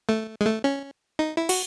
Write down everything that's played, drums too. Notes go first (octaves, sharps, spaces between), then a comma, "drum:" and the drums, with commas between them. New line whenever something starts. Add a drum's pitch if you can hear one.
A3
G#3
A3
C#4
D#4
E4
F#4, drum: cymbal